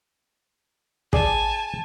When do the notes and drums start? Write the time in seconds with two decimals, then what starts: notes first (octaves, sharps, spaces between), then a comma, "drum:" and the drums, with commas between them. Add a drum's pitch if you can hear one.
1.13 G#4 D5 G#5 A5, drum: kick